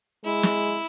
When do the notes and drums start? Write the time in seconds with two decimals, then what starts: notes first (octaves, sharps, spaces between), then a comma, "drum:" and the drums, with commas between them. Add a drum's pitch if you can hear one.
0.25 G#3 E4
0.43 drum: snare